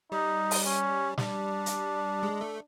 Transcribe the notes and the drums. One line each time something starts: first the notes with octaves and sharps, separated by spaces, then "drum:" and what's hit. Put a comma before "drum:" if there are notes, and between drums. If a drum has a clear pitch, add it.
G3 D#4
drum: open hi-hat
C#4
G3 D4, drum: snare
drum: hi-hat
G#3
A3